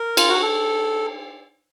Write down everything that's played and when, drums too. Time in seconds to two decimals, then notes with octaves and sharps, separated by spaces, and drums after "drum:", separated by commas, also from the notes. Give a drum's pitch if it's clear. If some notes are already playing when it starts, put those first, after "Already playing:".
Already playing: A#4
0.17 F4, drum: cymbal
0.29 F#4
0.42 A4